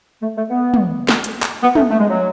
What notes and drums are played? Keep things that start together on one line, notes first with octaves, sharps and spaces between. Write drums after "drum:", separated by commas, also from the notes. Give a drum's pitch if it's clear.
A3
A3
B3
drum: tom
drum: snare
drum: hi-hat
drum: clap
B3
A3, drum: tom
A3
G#3
F#3